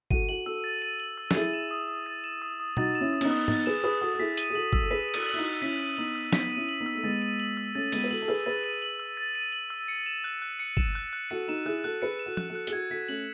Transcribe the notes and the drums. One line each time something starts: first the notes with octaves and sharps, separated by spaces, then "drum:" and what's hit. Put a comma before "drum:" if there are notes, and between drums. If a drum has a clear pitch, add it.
F#4 A4 D#7, drum: kick
F#4 A4 F#7
F#4 A4 E6
A6
D#7
F#7
E6
A4, drum: snare
E4 G#4 A6
E7
D#6
D#6
A6
E7
D#6
D#6
D#4 F#4 A6, drum: tom B2
E7
C#4 E4
D#6
C#4, drum: cymbal
B3 D#4
D#6
B3 D#4 A6, drum: tom
G#4 B4 E7
G#4 B4 D#6
F#4 A4 D#6
A4
E4 G#4 B6
D#7, drum: hi-hat
G#4
F#4 A4 F#7
E6, drum: kick
A4
G#4 B4 B6
D#7
F#4 A4, drum: cymbal
F#7
E4
D#4 F#4
E6
C#4 E4 B6
D#7
B3 D#4 F#7
E6
B3 D#4 B6, drum: snare
D#7
C#4 E4
F#7
B3 D#4
E6
A3
G#3 B3 A6
D#7
F#7
E6
A3 C#4 A6
G#3 B3 D#7, drum: cymbal
B4
F#4 A4 F#7
A4
G#4 B4 E6
G#4 B4 A6
D#7
F#7
E6
A6
D#7
F#7
E6
C#7
E7
F#6
F#6
C#7
E7, drum: kick
F#6
F#6
F#4 A4 C#7
D#4 F#4 E7
E4 G#4 F#6
F#4 A4 F#6
G#4 B4 C#7
E7
F#4 A4
F#6, drum: tom F3
F#4 A4
F#6
G#4, drum: hi-hat
F#4 A4 G#6
F#4 A4 B6
A3 C#4 F#7